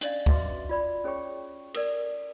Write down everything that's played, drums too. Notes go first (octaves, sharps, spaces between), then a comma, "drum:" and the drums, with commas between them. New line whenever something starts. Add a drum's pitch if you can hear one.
C#4 D4 D5 D#5 F5, drum: hi-hat
F#4 B4 D#5 E5 C6 D6, drum: kick
F4 D5 B5
C#4 G#4 C#5 G5 C#6
A4 A#4 D5, drum: cymbal